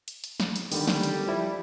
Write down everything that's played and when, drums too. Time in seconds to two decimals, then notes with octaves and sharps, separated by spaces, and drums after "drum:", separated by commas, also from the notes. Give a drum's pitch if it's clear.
0.08 drum: hi-hat
0.24 drum: hi-hat
0.40 drum: snare
0.56 drum: hi-hat
0.72 D3 D#3 G3, drum: open hi-hat
0.88 drum: snare
1.03 drum: hi-hat
1.27 F3 E4 D5